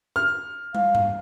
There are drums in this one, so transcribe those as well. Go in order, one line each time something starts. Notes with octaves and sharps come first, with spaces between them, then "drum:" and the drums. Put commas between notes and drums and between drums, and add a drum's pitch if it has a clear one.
F6
F5, drum: tom
drum: tom G2